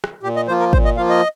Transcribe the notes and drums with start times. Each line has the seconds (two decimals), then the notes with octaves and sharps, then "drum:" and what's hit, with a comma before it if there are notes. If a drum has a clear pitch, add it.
0.04 drum: rim click
0.23 A#2 G4
0.36 D#5
0.47 F3 A#3 F4 C5
0.60 A#4
0.73 A#2 C5, drum: kick
0.85 D#5
0.97 F3 A#3 F4 F5
1.10 D#5